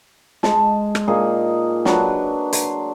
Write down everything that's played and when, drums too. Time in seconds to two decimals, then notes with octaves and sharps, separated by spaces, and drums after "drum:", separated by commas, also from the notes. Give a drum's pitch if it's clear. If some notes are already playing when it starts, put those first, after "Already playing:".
0.43 G#3 A5, drum: snare
0.95 drum: rim click
1.08 A#2 D#4 G#4
1.85 F#3 D4 B4, drum: snare
2.53 C6, drum: hi-hat